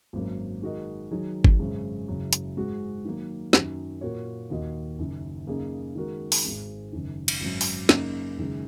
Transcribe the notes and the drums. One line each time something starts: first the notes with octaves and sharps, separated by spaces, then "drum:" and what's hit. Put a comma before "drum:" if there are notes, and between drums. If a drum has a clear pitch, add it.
G#1 F#2 F#3 A#3
D#3 G#3 F#4 A#4 D#5
D#3 F#3 D#4 G#4
drum: kick
G#1 F#2 C#3 G#3 C#4
F#1 F#2 C#3 F#3
drum: hi-hat
G#2 G#3 F#4
D#3 F#3 A#3
F#2 D#3 F#3, drum: snare
A#2 A#3 F#4 A#4 C#5
D#2 D#3 A#3 F#4 D#5
F#1 F#2 D#3
F#2 C#3 A#3 D#4 G#4
D#3 G#3 F#4 A#4
drum: open hi-hat
G#1 G#2 G#3
F#1 F#2 D#3
drum: cymbal
G#1 F#2 F#3
drum: open hi-hat
F#2 C#3 A#3 D#4, drum: snare
F#1 F#2 D#3 G#3